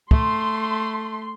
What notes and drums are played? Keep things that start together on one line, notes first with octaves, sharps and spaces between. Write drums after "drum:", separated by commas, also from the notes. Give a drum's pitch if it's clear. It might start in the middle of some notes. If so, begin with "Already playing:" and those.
A3 C6, drum: kick